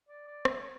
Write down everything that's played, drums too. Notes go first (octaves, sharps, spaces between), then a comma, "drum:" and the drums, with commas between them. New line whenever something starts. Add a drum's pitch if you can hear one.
D5
D5
E5, drum: rim click
C#5